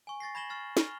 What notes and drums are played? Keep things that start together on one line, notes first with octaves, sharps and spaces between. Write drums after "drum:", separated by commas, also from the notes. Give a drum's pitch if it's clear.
G#5 C#6
C#6 A6 A#6 C7
B5 G#6 A#6 E7 F#7 G7
C#6 F6 A6 C7
C#6 F6 F7 G7, drum: snare